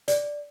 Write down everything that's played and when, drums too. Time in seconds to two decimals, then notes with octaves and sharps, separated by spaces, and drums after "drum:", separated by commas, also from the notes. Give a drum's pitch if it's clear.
0.08 D5, drum: hi-hat